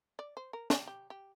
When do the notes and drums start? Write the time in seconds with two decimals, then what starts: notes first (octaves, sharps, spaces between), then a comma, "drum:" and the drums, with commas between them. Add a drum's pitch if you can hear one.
0.19 D5
0.37 C5
0.53 A#4
0.70 G4, drum: snare
0.87 G4
1.10 G4